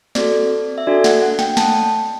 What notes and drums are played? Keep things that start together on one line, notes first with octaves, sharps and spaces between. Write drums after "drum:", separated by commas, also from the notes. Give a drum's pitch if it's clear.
C4 F#4 A4 D5, drum: snare
E5
D4 F#4 A4 D5
F#5, drum: snare
F#5
G5, drum: snare
A3 A5, drum: snare